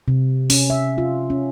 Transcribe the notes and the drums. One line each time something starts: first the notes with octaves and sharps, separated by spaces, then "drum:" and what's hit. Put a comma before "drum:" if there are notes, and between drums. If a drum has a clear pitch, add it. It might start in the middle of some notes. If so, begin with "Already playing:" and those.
C3
C#4, drum: open hi-hat
E5
F4
C#4